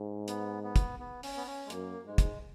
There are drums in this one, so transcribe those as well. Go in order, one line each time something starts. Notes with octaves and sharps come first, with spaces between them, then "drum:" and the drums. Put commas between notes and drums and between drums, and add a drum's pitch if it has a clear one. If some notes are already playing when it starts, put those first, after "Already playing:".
Already playing: G#2
B3, drum: hi-hat
B3
drum: kick, hi-hat
B3
C#4, drum: open hi-hat
B3
C#4
G#3
F#2 A#3, drum: hi-hat
G#2 G#3
drum: kick, hi-hat